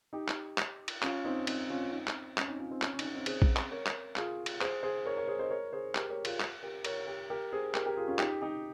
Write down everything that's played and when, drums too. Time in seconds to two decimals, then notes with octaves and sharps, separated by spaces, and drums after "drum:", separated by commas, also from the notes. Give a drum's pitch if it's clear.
0.13 D#4 G4
0.28 drum: clap
0.58 drum: clap
0.88 drum: cymbal
1.03 C#4 F4, drum: clap
1.25 C4 D#4
1.47 C4 D#4, drum: cymbal
1.70 C#4 F4
1.92 C4 D#4
2.07 drum: clap
2.38 C#4, drum: clap
2.48 C4 D#4
2.59 C#4 F4
2.70 C4 D#4
2.82 C#4, drum: clap
2.93 C#4
2.99 D#4, drum: cymbal
3.05 C#4
3.15 C4 D#4
3.26 G#4 C5, drum: cymbal
3.42 drum: kick A#1
3.57 drum: clap
3.71 A#4 C#5
3.87 drum: clap
4.16 F4 G#4, drum: clap
4.46 drum: cymbal
4.61 G#4 C5, drum: clap
4.83 G#4 C5
5.05 A#4 C#5
5.17 A#4 C#5
5.28 G#4 C5
5.39 C5 D#5
5.50 A#4 C#5
5.73 G#4 C5
5.95 G4 A#4, drum: clap
6.10 A#4 C#5
6.25 F4 G#4, drum: cymbal
6.40 drum: clap
6.63 G4 A#4
6.85 A#4 C#5, drum: cymbal
7.08 G4 A#4
7.30 G4 A#4
7.53 G#4 C5
7.74 G4 A#4, drum: clap
7.86 G4 A#4
7.97 F4 G#4
8.08 C#4 F4
8.19 D#4 G4, drum: clap
8.42 D#4 G4